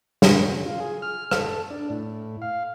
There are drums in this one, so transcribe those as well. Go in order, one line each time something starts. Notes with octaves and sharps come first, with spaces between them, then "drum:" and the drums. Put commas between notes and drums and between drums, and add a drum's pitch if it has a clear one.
F3, drum: snare
F#3
C#3
F4
G#4
F6
A4, drum: rim click
D4
A2
F5